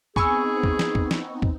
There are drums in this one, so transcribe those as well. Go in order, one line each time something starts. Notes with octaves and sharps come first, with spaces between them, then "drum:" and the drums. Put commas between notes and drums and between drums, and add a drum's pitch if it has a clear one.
B3 C4 D#4 G#4 G#5 B5 C#6 E6, drum: kick
drum: kick
drum: snare
drum: kick
drum: snare
drum: kick